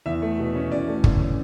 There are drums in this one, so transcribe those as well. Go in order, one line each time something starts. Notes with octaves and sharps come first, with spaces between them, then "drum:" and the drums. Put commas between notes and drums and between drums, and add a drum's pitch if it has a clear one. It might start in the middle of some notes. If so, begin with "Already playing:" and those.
E2 E5
A3
B2
C#4
E2 D5
A3
D3, drum: kick
C#4